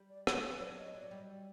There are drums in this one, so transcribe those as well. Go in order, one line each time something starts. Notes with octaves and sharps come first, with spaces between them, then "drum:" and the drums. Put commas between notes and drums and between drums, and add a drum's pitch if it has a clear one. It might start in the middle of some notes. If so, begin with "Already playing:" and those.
Already playing: G3
D5
C#5, drum: rim click
F#3 D5
D#5
F#3 D5
G3